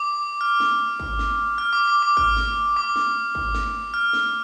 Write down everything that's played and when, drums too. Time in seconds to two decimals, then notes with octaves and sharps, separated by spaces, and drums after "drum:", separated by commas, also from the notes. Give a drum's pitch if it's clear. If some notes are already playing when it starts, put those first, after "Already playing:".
Already playing: D6
0.41 F6
0.60 drum: snare
1.00 drum: kick G#1
1.19 drum: snare
1.58 F6
1.73 D6
1.87 D6
2.03 D6
2.17 F6, drum: kick G#1
2.37 drum: snare
2.76 D6
2.96 drum: snare
3.35 drum: kick G#1
3.55 drum: snare
3.94 F6
4.13 drum: snare